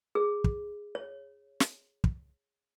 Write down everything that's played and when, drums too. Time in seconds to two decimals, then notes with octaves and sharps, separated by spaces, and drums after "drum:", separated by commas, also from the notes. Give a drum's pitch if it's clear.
0.15 G#4
0.44 drum: kick
0.95 C#5
1.60 drum: snare
2.04 drum: kick